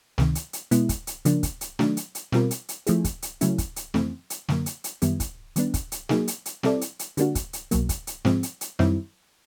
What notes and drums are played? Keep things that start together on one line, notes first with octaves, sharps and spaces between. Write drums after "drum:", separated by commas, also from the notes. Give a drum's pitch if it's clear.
C#2 C3 D#3, drum: snare
drum: hi-hat
drum: hi-hat
B2 G#3 B3 E4, drum: hi-hat
drum: kick, hi-hat
drum: hi-hat
C#3 F3 A#3 D4, drum: hi-hat
drum: kick, hi-hat
drum: hi-hat
D#3 F#3 A3 D4, drum: snare
drum: hi-hat
drum: hi-hat
B2 G3 C4 F4 A#4, drum: snare
drum: hi-hat
drum: hi-hat
F3 A3 C4 E4 G#4, drum: hi-hat
drum: kick, hi-hat
drum: hi-hat
C#3 F#3 A3 C#4 E4, drum: hi-hat
drum: kick, hi-hat
drum: hi-hat
F2 C#3 E3 A3 C4, drum: snare
drum: hi-hat
F#2 D3 F#3 A#3, drum: snare
drum: hi-hat
drum: hi-hat
F#2 D#3 G3 B3 E4, drum: hi-hat
drum: kick, hi-hat
D#3 G3 B3 D4, drum: hi-hat
drum: kick, hi-hat
drum: hi-hat
F#3 A#3 D#4 G#4, drum: snare
drum: hi-hat
drum: hi-hat
G3 C4 E4 A4 D5, drum: snare
drum: hi-hat
drum: hi-hat
D3 G3 A#3 D4 F#4, drum: hi-hat
drum: kick, hi-hat
drum: hi-hat
C2 B2 F#3 A#3, drum: hi-hat
drum: kick, hi-hat
drum: hi-hat
G#2 F3 G#3 C4, drum: snare
drum: hi-hat
drum: hi-hat
F#2 D#3 G3 C4 E4, drum: snare